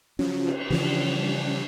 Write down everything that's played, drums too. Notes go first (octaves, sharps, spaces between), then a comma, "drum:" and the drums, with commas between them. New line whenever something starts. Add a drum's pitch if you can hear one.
C#3 F3 F#3 C#4
drum: cymbal
C#3 E3 F3 G3 C#4 D4